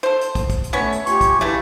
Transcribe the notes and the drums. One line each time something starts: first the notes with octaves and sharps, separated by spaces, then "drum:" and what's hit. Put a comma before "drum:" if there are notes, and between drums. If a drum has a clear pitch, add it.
A4 C5
drum: hi-hat
drum: kick, hi-hat
drum: kick, hi-hat
drum: hi-hat
A3 B3 C#4 C#5
drum: hi-hat
F4 G4 G#5 C#6, drum: hi-hat
drum: kick, hi-hat
C#3 E3 A3 E4